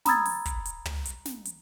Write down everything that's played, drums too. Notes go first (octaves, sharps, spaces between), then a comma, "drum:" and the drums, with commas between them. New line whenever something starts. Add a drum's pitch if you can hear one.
A#5 B5 D#6 E6 G#6 A6, drum: snare
drum: open hi-hat
drum: kick, hi-hat
drum: hi-hat
drum: tom
drum: hi-hat
drum: snare
drum: hi-hat